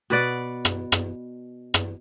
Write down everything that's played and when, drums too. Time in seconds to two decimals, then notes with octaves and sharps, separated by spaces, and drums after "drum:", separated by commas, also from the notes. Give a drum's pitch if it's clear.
0.10 B2 B4 D5 F#5
0.65 drum: rim click
0.92 drum: rim click
1.74 drum: rim click